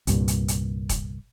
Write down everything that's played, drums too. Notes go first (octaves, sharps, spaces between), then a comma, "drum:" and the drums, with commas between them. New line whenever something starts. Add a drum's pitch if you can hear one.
C2 G2 A#2, drum: hi-hat
drum: hi-hat
drum: hi-hat
drum: kick E1, hi-hat